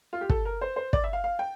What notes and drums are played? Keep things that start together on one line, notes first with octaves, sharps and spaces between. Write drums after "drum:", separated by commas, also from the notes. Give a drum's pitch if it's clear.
F4
G4
A4, drum: kick
A#4
C5
C5
D5, drum: kick
E5
F5
F5
G5